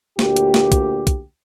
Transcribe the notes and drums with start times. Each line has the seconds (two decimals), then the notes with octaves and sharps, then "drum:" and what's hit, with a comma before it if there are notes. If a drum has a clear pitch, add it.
0.19 D2 A#2 G4, drum: snare
0.36 drum: hi-hat
0.54 drum: snare
0.72 drum: kick, hi-hat
1.07 drum: kick, hi-hat